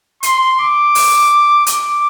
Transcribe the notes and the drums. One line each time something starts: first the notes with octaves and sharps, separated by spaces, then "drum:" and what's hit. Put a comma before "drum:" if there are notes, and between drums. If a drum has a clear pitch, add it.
C6, drum: hi-hat
D6
drum: open hi-hat
D6, drum: hi-hat